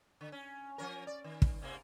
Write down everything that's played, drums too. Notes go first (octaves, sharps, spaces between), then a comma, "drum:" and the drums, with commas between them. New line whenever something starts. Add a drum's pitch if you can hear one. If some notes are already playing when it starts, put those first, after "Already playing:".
D3
C#4
F3 C#4 A#4
D5
D#3
drum: kick
G#2 C3 A#3